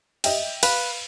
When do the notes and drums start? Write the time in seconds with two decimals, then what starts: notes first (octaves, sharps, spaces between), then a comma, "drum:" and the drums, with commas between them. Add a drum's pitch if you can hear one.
0.24 D#5 E5 G5, drum: cymbal
0.63 B4 F5, drum: cymbal